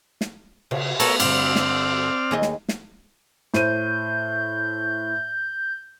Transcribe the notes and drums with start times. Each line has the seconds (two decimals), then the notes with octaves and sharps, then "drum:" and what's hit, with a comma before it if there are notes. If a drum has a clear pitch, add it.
0.21 drum: snare
0.71 C#3, drum: cymbal
1.00 B3 A4 A#4 C#5 E6, drum: cymbal
1.20 G2 D3 C4 D5 F6, drum: cymbal
1.56 drum: snare
2.31 D#2 G#4 D#5
2.42 drum: snare
2.69 drum: snare
3.54 A2 C5 G6 D#7, drum: snare